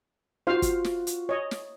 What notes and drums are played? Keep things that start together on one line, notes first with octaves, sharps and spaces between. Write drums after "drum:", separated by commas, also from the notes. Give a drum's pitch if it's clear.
F4 F#4 C5 F5
drum: kick, hi-hat
drum: snare
drum: hi-hat
C#5 D#5
drum: snare